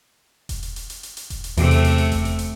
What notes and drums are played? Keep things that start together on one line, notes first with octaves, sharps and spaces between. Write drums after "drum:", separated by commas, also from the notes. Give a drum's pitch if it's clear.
drum: kick E1, hi-hat
drum: hi-hat
drum: hi-hat
drum: hi-hat
drum: hi-hat
drum: hi-hat
drum: kick E1, hi-hat
drum: hi-hat
E2 C3 A3, drum: hi-hat
drum: hi-hat
drum: hi-hat
drum: hi-hat
drum: kick E1, hi-hat
drum: hi-hat
drum: hi-hat